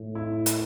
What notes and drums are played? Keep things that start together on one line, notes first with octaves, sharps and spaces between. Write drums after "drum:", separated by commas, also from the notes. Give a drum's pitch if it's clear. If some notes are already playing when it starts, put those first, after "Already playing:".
Already playing: A2
E4
drum: hi-hat